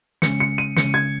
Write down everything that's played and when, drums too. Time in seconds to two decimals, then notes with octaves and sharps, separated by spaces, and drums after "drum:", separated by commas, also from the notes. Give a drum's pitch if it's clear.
0.22 C#3 G#3 C#4 C#7, drum: snare
0.40 C#7
0.58 D#7
0.77 C#3 G#3 C#4 C#7, drum: snare
0.94 G#6